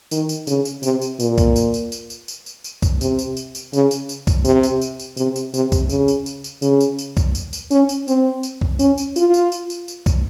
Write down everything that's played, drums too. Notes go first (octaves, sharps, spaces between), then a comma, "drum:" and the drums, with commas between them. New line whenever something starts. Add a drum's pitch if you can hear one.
D#3, drum: tambourine
drum: tambourine
C#3, drum: tambourine
drum: tambourine
C3, drum: tambourine
drum: tambourine
A#2, drum: tambourine
drum: kick, tambourine
drum: tambourine
drum: tambourine
drum: tambourine
drum: tambourine
drum: tambourine
drum: tambourine
drum: tambourine
drum: kick, tambourine
C3, drum: tambourine
drum: tambourine
drum: tambourine
drum: tambourine
C#3, drum: tambourine
drum: tambourine
drum: tambourine
drum: kick, tambourine
C3, drum: tambourine
drum: tambourine
drum: tambourine
drum: tambourine
C3, drum: tambourine
drum: tambourine
C3, drum: tambourine
drum: kick, tambourine
C#3, drum: tambourine
drum: tambourine
drum: tambourine
drum: tambourine
C#3, drum: tambourine
drum: tambourine
drum: tambourine
drum: kick, tambourine
drum: tambourine
drum: tambourine
C#4, drum: tambourine
drum: tambourine
C4, drum: tambourine
drum: tambourine
drum: kick
C#4, drum: tambourine
drum: tambourine
F4, drum: tambourine
drum: tambourine
drum: tambourine
drum: tambourine
drum: tambourine
drum: kick, tambourine